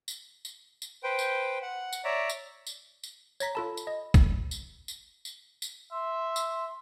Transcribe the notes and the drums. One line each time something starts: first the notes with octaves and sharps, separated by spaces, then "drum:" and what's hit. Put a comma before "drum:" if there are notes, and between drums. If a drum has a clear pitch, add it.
drum: tambourine
drum: tambourine
drum: tambourine
B4 C5 G5
drum: tambourine
F#5
drum: tambourine
C#5 D5 E5 A#5
drum: tambourine
drum: tambourine
drum: tambourine
C#5 A#5 G#6 A#6 B6, drum: tambourine
F4 A4 A5 B5
drum: tambourine
D#5
drum: kick, tambourine
drum: tambourine
drum: tambourine
drum: tambourine
drum: tambourine
E5 C6
drum: tambourine